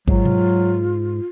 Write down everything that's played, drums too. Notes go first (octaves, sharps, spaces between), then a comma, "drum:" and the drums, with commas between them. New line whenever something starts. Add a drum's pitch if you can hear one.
G#2 F#3 F4, drum: kick G#1
drum: tom B2